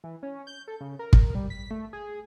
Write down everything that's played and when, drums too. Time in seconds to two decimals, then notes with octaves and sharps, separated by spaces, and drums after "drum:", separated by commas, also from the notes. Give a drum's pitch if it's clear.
0.04 E3
0.23 C#4
0.47 G6
0.68 A4
0.81 C#3
0.99 A#4
1.13 drum: kick
1.35 G3
1.50 B6
1.71 A3
1.93 G#4